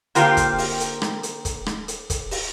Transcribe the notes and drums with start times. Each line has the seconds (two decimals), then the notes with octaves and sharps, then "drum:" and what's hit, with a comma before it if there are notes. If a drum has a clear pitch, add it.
0.15 D3 A#3 C4 F4 G4, drum: hi-hat
0.37 drum: kick, hi-hat
0.58 drum: open hi-hat
0.80 drum: hi-hat
1.02 drum: rim click
1.23 drum: hi-hat
1.45 drum: kick, hi-hat
1.66 drum: rim click
1.88 drum: hi-hat
2.10 drum: kick, hi-hat
2.31 drum: open hi-hat